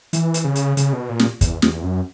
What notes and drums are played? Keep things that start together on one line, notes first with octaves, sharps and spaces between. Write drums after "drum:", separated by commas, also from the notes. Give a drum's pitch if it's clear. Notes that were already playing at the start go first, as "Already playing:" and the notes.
E3, drum: hi-hat
drum: hi-hat
C#3
drum: hi-hat
C#3, drum: hi-hat
B2
A#2
drum: snare
E2, drum: kick, hi-hat
E2, drum: snare
F#2